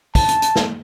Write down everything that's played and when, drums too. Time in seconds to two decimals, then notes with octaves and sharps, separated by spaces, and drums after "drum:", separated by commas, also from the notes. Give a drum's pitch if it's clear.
0.15 A5, drum: kick, open hi-hat
0.29 drum: hi-hat
0.42 drum: hi-hat
0.56 drum: snare